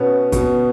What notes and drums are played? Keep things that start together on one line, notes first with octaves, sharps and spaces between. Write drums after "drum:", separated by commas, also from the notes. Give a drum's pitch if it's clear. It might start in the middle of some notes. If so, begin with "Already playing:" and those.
Already playing: B2 B3 C#4
B2, drum: kick, hi-hat